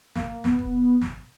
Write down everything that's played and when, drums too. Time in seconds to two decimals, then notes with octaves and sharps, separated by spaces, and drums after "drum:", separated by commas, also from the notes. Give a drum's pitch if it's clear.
0.15 A#3, drum: snare
0.44 B3, drum: snare
0.59 drum: kick
1.01 drum: snare